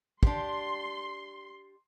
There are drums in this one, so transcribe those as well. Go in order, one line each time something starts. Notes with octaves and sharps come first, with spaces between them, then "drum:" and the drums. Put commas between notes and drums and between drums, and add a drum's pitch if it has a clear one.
D4 G4 C6, drum: kick